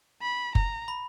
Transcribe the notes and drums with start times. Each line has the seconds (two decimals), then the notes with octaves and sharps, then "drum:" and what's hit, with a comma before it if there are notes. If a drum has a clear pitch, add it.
0.22 B5
0.55 A#5, drum: kick F#1
0.88 B5